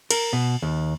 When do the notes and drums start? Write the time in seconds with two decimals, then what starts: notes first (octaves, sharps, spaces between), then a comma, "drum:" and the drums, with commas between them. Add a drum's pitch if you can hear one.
0.11 A#4, drum: cymbal
0.33 B2
0.62 D#2